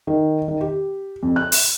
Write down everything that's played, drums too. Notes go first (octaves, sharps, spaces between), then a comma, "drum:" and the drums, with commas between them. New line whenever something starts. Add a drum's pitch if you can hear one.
D#3
D#3
G4
F2
F#6
drum: open hi-hat